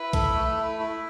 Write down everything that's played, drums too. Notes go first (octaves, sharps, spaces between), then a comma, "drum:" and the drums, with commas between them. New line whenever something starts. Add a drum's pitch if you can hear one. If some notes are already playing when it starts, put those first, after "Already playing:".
Already playing: E4 B4
A4, drum: kick, hi-hat
A3
E4
E4